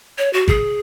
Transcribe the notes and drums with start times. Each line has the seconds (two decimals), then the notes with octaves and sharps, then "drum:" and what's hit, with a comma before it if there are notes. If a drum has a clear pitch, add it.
0.18 C#5
0.33 F#4
0.48 G#4, drum: kick